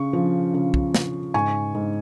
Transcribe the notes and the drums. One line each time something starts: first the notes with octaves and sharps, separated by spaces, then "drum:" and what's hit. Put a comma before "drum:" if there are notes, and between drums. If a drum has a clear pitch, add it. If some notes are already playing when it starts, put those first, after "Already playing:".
Already playing: C#3 C#6
F3
C#3
drum: kick
C#3, drum: snare
G#2 G#5 C#6
G#2